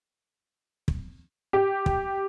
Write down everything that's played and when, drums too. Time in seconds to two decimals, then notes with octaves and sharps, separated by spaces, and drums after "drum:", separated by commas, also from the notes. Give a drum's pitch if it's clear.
0.88 drum: kick
1.53 G4
1.86 drum: kick